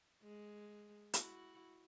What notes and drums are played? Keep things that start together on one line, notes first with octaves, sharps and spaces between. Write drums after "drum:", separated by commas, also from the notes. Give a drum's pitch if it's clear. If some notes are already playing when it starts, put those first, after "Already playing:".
G#3
E4 F#4, drum: hi-hat